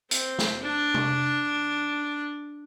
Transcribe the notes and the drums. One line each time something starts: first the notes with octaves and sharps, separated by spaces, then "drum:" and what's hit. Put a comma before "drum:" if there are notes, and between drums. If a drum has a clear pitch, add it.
C4, drum: hi-hat
drum: snare
D4
drum: tom C3